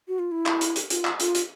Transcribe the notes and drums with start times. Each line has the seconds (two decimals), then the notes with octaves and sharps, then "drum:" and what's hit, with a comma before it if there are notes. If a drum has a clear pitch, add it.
0.08 F#4
0.19 F4
0.32 E4
0.46 drum: clap
0.61 drum: hi-hat
0.76 drum: hi-hat
0.90 F4, drum: hi-hat
1.05 drum: clap
1.19 F4, drum: hi-hat
1.35 drum: hi-hat